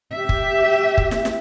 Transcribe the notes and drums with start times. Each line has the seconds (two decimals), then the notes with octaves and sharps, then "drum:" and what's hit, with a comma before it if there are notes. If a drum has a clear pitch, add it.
0.15 G4 E5
0.29 drum: kick
0.98 drum: kick
1.11 drum: snare
1.25 drum: snare